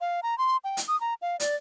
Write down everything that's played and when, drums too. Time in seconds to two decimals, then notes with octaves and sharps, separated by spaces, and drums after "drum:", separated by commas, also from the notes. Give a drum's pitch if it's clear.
0.01 F5
0.23 A#5
0.38 C6
0.64 G5
0.77 drum: hi-hat
0.88 D#6
1.01 A#5
1.22 F5
1.40 D5, drum: hi-hat